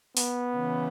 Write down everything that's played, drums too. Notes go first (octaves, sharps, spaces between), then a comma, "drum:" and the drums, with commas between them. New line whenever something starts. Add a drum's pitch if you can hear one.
B3, drum: open hi-hat
C#3 E3